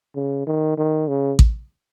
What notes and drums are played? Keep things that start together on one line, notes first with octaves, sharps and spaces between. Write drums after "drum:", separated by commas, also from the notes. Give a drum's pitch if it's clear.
C#3
D#3
D#3
C#3
drum: kick A1